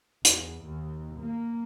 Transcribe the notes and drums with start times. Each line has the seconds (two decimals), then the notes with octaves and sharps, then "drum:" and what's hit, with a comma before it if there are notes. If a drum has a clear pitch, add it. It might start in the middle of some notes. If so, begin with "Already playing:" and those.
0.25 E2, drum: hi-hat
0.65 D#2
1.21 A#3